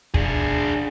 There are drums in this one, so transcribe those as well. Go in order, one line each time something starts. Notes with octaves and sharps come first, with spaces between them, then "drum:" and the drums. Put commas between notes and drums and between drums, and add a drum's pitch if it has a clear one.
D4 G#4, drum: kick